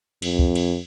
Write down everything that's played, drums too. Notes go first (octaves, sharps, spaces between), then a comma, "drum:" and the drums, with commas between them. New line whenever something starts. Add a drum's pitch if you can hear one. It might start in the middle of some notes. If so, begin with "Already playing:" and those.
F2, drum: cymbal
drum: kick C#2
drum: cymbal